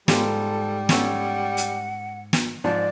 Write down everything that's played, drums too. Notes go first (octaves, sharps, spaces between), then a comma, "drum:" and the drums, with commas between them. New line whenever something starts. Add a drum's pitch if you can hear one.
G#2 G3 B3 F4 G4 A4, drum: snare
B3 C#4 A4 F#5, drum: snare
drum: hi-hat
drum: snare
G#2 F3 D5 A5